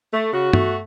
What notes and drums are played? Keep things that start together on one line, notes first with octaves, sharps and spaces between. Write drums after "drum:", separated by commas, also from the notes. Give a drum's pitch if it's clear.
A3
C#3 F#4
A3, drum: tom